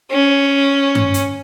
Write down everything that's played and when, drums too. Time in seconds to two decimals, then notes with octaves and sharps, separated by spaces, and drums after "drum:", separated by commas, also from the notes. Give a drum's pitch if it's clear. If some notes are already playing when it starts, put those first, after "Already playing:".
0.11 C#4
0.95 drum: tom G2
1.14 drum: hi-hat